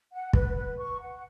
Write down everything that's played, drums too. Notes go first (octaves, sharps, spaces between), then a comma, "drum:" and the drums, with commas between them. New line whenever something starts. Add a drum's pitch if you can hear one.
F#5
B4, drum: kick
B4
C#6
F#5